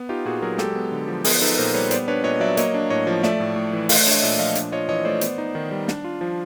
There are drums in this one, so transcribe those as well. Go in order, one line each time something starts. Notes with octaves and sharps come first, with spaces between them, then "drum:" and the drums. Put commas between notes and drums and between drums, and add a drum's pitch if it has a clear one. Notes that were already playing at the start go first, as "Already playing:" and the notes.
Already playing: B3
D#4 F4 G4
A#2 F#4 G#4
F#3 G#4 A#4
G#3 G4 A4, drum: snare
B3
D3
F3
B3 G#4 A#4, drum: open hi-hat
D#4 A4 B4
A#2 A#4 C5
G3 B4 C#5
B3 C5 D5, drum: hi-hat
D4 B4 C#5
A#2 C#5 D#5
F#3 D5 E5
A#3 C#5 D#5, drum: hi-hat
D4
A2 C#5 D#5
F3
A3 D5 E5, drum: snare
A2
A2
E3
A3 D#5 F5, drum: open hi-hat
D4 C#5 D#5
A#2 D5 E5
F3 D#5 F5
D4, drum: hi-hat
F4 C#5 D#5
E3 C#5 D#5
A3 C5 D5
B3, drum: hi-hat
D#4
D#3
G3
D4, drum: snare
F4
F3